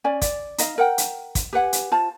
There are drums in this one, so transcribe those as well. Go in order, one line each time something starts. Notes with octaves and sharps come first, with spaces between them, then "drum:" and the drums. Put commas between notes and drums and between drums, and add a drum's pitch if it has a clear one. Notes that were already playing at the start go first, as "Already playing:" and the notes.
C#4 D5 G#5
D5, drum: kick, hi-hat
D#4 D#5 F5, drum: hi-hat
A#4 F#5 G5
drum: hi-hat
drum: kick, hi-hat
G4 B4 F#5 G#5
drum: hi-hat
F4 C5 A5